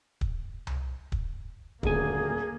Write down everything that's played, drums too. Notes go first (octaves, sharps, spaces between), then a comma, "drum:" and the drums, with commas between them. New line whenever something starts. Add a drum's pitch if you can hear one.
drum: kick
drum: tom C2
drum: kick
D#1 D2 A#3 G#4 G#5, drum: kick